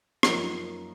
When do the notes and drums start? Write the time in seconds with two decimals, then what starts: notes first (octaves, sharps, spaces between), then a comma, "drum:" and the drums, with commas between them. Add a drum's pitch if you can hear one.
0.23 F#2 F3 A#3 D#4 A#4, drum: rim click